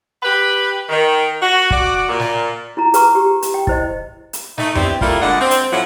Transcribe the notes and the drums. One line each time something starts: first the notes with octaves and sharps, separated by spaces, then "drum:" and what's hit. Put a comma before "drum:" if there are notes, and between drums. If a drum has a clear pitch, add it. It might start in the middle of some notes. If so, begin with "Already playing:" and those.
G4 B4
D#3
F#4
F#4 D5, drum: kick
A#2
drum: snare
E4 F4 A#5
G#4 B4 A#5 C#6, drum: hi-hat
G4
drum: hi-hat
G5
E4 C5 D#5, drum: kick
drum: hi-hat
A3 D#4, drum: snare
B3 C4 D4 E4 G4, drum: tom F2
G3 A3 A#3 E4 F4 A4, drum: kick
A#2 D3 G#3 D4 D#5 F#5
C4
drum: hi-hat
A2 F3 F#3 E4 F#5